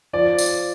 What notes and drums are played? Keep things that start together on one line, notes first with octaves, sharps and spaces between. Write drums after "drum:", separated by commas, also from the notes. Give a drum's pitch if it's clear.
F3 D5
drum: tambourine